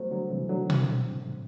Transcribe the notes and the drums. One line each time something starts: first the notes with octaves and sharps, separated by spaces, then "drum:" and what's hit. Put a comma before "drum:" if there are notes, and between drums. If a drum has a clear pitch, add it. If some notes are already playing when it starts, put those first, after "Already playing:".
Already playing: F#3 G3 A3 B3 C5
D3 F#3
C3 E3
D3 F#3
E3 G3, drum: tom B2
D3 F#3
A2 C3
A2